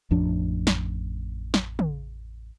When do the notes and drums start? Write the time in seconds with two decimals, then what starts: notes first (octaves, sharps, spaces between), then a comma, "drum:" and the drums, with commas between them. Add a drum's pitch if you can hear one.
0.11 A1 F2 F3 D4
0.67 drum: snare
1.54 drum: snare
1.79 drum: tom